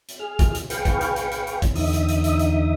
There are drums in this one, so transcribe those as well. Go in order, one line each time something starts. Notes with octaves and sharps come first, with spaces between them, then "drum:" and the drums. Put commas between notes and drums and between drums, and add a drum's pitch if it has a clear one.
drum: hi-hat
G#4 F6
drum: kick, hi-hat
drum: hi-hat
G#4 B4 F5 G5 C#6, drum: hi-hat
drum: kick, hi-hat
drum: hi-hat
drum: hi-hat
drum: hi-hat
drum: hi-hat
drum: kick, hi-hat
E2 D3 D#4 E5 D#6, drum: open hi-hat
drum: hi-hat
drum: hi-hat
drum: hi-hat
drum: hi-hat